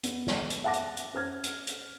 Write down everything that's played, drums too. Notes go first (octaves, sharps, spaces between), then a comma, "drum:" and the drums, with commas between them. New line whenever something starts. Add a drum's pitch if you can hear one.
B3, drum: hi-hat
drum: snare
drum: hi-hat
E5 F#5 A5 D6 A#6
drum: hi-hat
drum: hi-hat
C#4 C5 F6 G#6
drum: hi-hat
drum: hi-hat